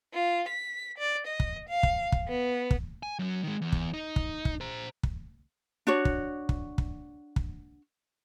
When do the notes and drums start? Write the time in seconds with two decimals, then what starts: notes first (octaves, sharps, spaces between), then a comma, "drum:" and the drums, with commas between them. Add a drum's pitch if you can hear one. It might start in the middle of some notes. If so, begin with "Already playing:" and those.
0.14 F4
0.49 B6
0.98 D5
1.27 D#5
1.40 drum: kick
1.69 F5
1.83 drum: kick
2.12 drum: kick
2.29 B3
2.71 drum: kick
3.03 G#5
3.19 F#2 F#3
3.43 D#3 G#3
3.62 E2
3.72 drum: kick
3.94 D#4
4.16 drum: kick
4.45 drum: kick
4.61 C5 A#5
5.03 drum: kick
5.87 D4 F#4 C#5
6.05 drum: kick
6.49 drum: kick
6.78 drum: kick
7.36 drum: kick